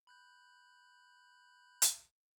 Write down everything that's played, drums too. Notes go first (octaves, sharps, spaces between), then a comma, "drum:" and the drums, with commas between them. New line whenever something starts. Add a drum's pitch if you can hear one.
B5 F#6 G6
drum: hi-hat